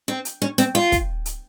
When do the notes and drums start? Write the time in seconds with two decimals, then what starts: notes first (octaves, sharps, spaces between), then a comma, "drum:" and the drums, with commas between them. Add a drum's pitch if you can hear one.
0.08 C4
0.25 drum: hi-hat
0.42 C#4
0.58 C4, drum: hi-hat
0.75 F4
0.92 drum: kick, hi-hat
1.26 drum: hi-hat